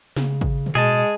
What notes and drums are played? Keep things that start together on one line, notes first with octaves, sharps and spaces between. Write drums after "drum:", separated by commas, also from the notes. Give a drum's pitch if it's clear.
C#3, drum: snare
drum: kick G#1
drum: tom
B2 G#3 G#4 D#5 A5